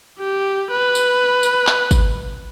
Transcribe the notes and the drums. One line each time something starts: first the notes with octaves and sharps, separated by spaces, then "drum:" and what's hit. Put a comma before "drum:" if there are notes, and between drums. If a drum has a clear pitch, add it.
G4
B4
drum: tambourine
drum: tambourine
drum: clap
drum: kick, tambourine